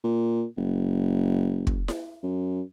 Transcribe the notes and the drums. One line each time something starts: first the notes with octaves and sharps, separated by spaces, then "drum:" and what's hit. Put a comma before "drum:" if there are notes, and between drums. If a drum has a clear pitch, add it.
A#2
F#1
drum: kick
drum: snare E4
F#2